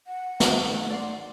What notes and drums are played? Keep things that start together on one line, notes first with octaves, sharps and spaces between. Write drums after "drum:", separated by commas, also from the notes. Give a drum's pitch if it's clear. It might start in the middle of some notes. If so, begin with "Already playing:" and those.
F#5
drum: snare
D#3 A3
D5 C6